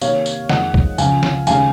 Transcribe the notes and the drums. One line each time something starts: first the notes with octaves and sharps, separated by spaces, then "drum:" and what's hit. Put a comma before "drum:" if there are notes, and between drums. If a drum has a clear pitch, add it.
C3 D#3 A#3 D#4 C#5 F5, drum: tambourine
drum: tambourine
F2 D#3 G#3 C4 D#5 F#5, drum: snare
drum: kick C2
C#2 C#3 F3 F5 G#5, drum: tambourine
drum: snare
D#2 C#3 G#3 F5 G#5, drum: tambourine